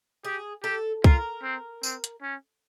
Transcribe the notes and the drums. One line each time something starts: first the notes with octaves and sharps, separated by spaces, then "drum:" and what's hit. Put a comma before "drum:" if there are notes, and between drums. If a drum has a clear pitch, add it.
G4 G#4
G4 A4
F4 A#4, drum: kick C2
C4
C4, drum: tambourine
drum: hi-hat
C#4